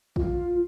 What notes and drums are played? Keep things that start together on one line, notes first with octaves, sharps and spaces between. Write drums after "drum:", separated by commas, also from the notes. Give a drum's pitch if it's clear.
F4, drum: kick A#1